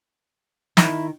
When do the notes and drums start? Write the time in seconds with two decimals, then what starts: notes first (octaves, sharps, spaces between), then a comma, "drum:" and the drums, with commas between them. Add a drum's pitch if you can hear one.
0.77 D#3 E4, drum: snare